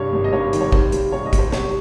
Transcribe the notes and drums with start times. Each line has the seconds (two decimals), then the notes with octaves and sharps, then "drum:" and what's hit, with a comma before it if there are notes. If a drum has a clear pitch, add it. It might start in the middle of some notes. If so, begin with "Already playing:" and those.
Already playing: G2 C3 C#5
0.13 G#1
0.24 D#5
0.33 G2 C#5
0.53 D#3, drum: hi-hat
0.61 C#5
0.72 C3 C5, drum: kick
0.92 G3, drum: hi-hat
1.12 C3 C#5
1.26 D#5
1.33 G3, drum: kick, hi-hat
1.39 C5
1.52 C3 C#5, drum: snare